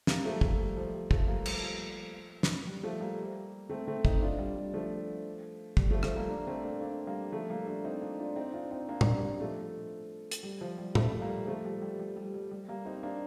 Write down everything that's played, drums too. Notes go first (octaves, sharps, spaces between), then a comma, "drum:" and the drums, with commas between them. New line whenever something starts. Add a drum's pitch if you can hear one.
G3 A#3, drum: snare
F3 A3
F3 A3, drum: kick
G3
F3
G3
F3 A3, drum: kick
G3 A#3
G3, drum: cymbal
F3
drum: snare
G3
F3 A3
G3 A#3
A3 C4
A3 C4
C4 D#4, drum: kick
D4 F4
G3
G3
F3 A3
G3, drum: kick
F3 A3
F3 A3, drum: rim click
G3 A#3
A#3 D4
A3 C4
A#3 D4
A#3 D4
G3 A#3
F3 A3
G3 A#3
A#3 D4
C4 D#4
D4 F4
D4 F4
C4 D#4
D4 F4
C4 D#4
A#3 D4
A#3 D4, drum: tom A2
G3
G3
F3 A3
drum: hi-hat
G3
F3
G3
F3 A3, drum: tom A2
G3 A#3
F3 A3
G3
G3
G3
G3
G3
G3
G3 A#3
C4 D#4
A#3 D4